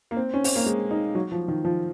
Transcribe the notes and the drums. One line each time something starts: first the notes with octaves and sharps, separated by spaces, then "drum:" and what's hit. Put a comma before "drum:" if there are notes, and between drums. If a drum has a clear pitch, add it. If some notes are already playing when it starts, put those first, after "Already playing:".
A#3
C4
C#4
C4, drum: open hi-hat
A#3
G#3
D#4
F#3
F3
D#3
F3